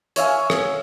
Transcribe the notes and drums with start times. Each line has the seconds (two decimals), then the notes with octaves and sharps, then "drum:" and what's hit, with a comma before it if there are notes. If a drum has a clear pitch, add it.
0.16 C#5 E5 F5 G#5, drum: hi-hat
0.50 drum: rim click